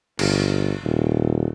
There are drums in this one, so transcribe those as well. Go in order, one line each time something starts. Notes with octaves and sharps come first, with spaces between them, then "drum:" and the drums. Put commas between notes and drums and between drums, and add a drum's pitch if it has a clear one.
G1, drum: cymbal
D#1